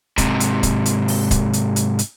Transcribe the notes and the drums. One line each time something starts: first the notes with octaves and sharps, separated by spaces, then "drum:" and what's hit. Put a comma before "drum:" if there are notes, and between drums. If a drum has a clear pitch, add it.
G#2 C3, drum: kick, hi-hat
drum: hi-hat
drum: kick, hi-hat
drum: hi-hat
drum: open hi-hat
drum: kick, hi-hat
drum: hi-hat
drum: hi-hat
drum: hi-hat